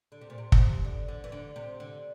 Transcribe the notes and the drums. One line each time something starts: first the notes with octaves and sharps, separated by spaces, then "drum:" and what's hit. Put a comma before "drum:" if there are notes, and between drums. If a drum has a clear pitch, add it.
D3
C3
A#2
C3
drum: kick
D3
D3
E3
D3
C3
D3